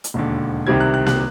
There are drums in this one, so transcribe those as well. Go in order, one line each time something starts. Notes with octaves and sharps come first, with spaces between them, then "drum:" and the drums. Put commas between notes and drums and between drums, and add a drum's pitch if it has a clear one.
drum: hi-hat
E1 D#2 D3
C2 C3 D#3 G3 C4 G#6
F#6
F#6
F#6, drum: snare A#3